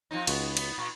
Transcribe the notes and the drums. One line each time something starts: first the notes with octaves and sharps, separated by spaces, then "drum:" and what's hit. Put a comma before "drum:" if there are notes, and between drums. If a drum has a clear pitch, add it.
F3 C4 D#4
C#2 B3 F#4, drum: cymbal
B3, drum: cymbal
A#2